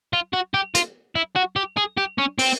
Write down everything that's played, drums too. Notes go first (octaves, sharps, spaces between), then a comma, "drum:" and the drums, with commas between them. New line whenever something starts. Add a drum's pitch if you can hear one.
F4
F#4
G4
F4, drum: hi-hat
E4
F#4
G4
G#4
G4
C#4
C4, drum: open hi-hat